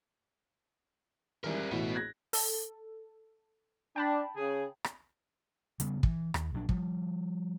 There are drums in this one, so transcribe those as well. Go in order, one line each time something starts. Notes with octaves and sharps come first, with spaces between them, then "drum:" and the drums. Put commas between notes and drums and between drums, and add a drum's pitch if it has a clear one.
D#3 E3 G3 G#3 A#4
F#6
A1 A2 E3 B3 F#4
F#6 G#6 A#6
A4, drum: open hi-hat
D4 G5 A5 B5
C#3 G#4
drum: rim click
C#3 G3 B3, drum: hi-hat
E3, drum: kick
D#2, drum: rim click
A#1 F#3 D4
F3 G3, drum: kick